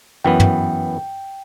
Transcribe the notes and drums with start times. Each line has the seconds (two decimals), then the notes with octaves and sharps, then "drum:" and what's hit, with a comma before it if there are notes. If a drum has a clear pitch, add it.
0.25 F#2 E3 B3 G5
0.40 drum: tom